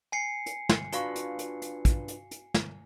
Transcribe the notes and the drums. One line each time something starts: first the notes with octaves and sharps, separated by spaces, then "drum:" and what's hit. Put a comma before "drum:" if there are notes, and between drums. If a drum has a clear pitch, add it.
G#5 C7 C#7
drum: hi-hat
drum: snare
D4 F4 F#4 B4 F5 C#6, drum: hi-hat
drum: hi-hat
drum: hi-hat
drum: hi-hat
drum: kick, hi-hat
drum: hi-hat
drum: hi-hat
drum: snare